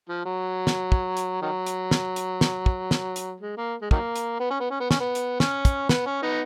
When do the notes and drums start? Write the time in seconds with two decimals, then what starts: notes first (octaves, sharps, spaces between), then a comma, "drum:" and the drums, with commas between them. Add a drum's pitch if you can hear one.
0.09 F3
0.25 F#3
0.67 drum: snare
0.92 drum: kick
1.17 drum: hi-hat
1.42 D#3 F#3
1.66 drum: hi-hat
1.91 drum: snare
2.16 drum: hi-hat
2.41 drum: snare
2.66 drum: kick
2.91 drum: snare
3.16 drum: hi-hat
3.41 G#3
3.57 A#3
3.81 G#3
3.91 D#3 F#3 A#3, drum: kick
4.16 drum: hi-hat
4.40 B3
4.51 C#4
4.60 B3
4.71 C#4
4.80 B3
4.91 C#4, drum: snare
5.01 B3
5.15 drum: hi-hat
5.40 C#4, drum: snare
5.65 drum: kick, hi-hat
5.89 B3, drum: snare
6.06 C#4
6.23 B3 D#4